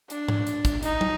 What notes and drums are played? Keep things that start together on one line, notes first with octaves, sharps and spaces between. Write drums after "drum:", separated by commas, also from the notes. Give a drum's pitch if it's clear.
D4, drum: hi-hat
drum: tom
drum: hi-hat
drum: kick, hi-hat
D#4, drum: hi-hat
drum: tom